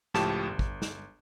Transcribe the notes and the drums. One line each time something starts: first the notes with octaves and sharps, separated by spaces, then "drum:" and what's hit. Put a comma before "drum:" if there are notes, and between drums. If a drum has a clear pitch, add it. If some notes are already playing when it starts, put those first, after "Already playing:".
C#2 A2 F3 G4 A5 E7, drum: snare
G1
drum: kick
drum: snare